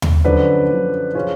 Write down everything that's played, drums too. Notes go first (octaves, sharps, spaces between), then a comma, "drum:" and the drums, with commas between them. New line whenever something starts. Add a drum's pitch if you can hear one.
drum: tom D#2
F#2 D3 F3 B4 D5
F#2 D3 F3
C#3 F3 C#4 F4